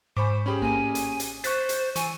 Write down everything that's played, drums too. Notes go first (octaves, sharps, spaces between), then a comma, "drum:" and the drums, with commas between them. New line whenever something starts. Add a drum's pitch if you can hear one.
G#2 C5 B5 C#6 D6
C#4 G4 G#4 B5
A1 A#3 G#5
drum: hi-hat
drum: hi-hat
C5 C#6 F#6 A6 B6, drum: hi-hat
drum: hi-hat
E3 G#5 C#6, drum: hi-hat